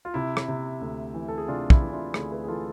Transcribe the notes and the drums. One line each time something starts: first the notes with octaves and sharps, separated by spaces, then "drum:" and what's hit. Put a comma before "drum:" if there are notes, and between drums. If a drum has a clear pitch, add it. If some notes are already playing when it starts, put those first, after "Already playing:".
F4
C3 E4
drum: rim click
C3
D2
E3
A4
G#4
C3 D4 F4
E4, drum: kick
E3
D4 F4
D2 E4 G#4, drum: rim click
G#4 B4
G#4
E3 F4 A4